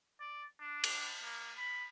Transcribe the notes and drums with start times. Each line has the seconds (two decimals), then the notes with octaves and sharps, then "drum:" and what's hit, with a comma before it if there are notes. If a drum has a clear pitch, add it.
0.20 D5
0.60 D4
0.84 drum: cymbal
1.23 A#3
1.58 B5